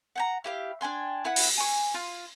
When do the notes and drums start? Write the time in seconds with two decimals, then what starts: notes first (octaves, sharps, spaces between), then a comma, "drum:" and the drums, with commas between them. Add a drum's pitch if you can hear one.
0.16 F#5 G5 A#5
0.44 E4 G4 F5
0.81 D4 G5 G#5 C6
1.25 E4 B4 F#5
1.36 drum: open hi-hat
1.57 G#5 C#6
1.94 F4